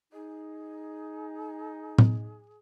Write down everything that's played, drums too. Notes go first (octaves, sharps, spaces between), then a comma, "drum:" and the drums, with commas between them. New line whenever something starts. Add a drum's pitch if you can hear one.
D#4 G#4
drum: tom A2